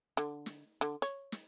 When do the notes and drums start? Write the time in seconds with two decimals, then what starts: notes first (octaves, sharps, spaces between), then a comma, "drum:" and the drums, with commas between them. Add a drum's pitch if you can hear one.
0.17 D3
0.46 drum: snare
0.81 D3
1.02 C#5, drum: hi-hat
1.32 drum: snare